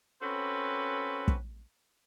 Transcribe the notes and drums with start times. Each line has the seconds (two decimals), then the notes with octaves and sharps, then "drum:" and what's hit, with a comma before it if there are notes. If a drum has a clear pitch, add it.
0.22 C4 C#4 F#4 A4 B4
1.28 drum: kick